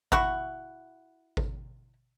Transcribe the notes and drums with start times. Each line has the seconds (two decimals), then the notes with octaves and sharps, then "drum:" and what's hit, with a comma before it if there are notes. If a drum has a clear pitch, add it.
0.12 E4 F#4 F#5 C#6, drum: kick G#1
1.37 drum: kick G#1